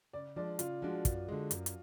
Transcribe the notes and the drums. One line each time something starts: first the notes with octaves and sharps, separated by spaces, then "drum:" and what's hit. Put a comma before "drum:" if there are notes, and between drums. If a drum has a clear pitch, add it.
C#3 D5
F3 G#3 D4 D5
C#3 F4, drum: hi-hat
F3 G#3 D4 F#4
F#2, drum: kick, hi-hat
D3 G#3
F#2, drum: hi-hat
drum: hi-hat